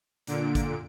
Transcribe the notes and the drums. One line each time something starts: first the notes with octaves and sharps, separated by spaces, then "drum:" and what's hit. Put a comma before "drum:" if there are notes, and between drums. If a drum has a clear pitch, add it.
A#2 D3 D7, drum: hi-hat
drum: kick, hi-hat